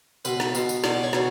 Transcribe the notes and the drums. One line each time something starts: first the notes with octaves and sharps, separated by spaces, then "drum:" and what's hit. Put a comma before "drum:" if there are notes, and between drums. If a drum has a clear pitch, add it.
B2 B4, drum: tambourine
drum: snare
B2, drum: tambourine
drum: tambourine
B2 D5, drum: snare
C#5
B2, drum: snare